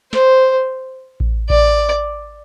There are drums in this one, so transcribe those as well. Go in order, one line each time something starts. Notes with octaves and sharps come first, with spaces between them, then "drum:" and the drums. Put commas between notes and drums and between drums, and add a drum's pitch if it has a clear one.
C5, drum: snare
drum: kick A1
D5, drum: kick A1